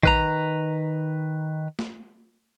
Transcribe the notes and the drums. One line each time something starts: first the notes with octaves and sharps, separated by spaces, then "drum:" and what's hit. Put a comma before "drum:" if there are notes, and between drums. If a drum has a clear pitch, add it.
D#3 B4 A#5, drum: kick A#1
drum: snare